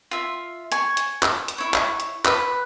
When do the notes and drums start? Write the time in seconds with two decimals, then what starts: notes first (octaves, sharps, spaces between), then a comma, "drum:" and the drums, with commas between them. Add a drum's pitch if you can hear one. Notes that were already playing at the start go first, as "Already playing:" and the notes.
0.11 F4 E5
0.72 G#5 C#6, drum: hi-hat
0.97 drum: hi-hat
1.23 drum: clap
1.48 drum: hi-hat
1.58 E4 C#5
1.74 drum: clap
2.00 drum: hi-hat
2.25 B4, drum: clap